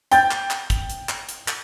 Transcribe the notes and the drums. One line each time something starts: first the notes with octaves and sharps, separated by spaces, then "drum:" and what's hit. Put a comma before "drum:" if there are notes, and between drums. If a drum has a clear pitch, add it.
G5 G6 A6, drum: hi-hat
drum: clap
drum: clap
drum: kick, hi-hat
drum: hi-hat
drum: clap
drum: hi-hat
drum: clap